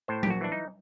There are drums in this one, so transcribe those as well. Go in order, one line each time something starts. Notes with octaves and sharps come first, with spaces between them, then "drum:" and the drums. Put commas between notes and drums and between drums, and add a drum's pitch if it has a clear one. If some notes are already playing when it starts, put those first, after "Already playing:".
A2 C5
G4, drum: tom F#3
A#1 F#4
E3 D4
D#4